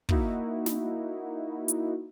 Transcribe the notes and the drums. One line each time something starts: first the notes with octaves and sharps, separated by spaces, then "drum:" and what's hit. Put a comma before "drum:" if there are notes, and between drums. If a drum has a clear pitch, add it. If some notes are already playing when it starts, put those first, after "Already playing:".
A#3 D#4 E4 F#4, drum: kick
drum: snare
drum: hi-hat